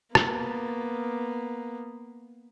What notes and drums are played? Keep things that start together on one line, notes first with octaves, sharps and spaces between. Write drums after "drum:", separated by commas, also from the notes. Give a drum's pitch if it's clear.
A#3 B3, drum: rim click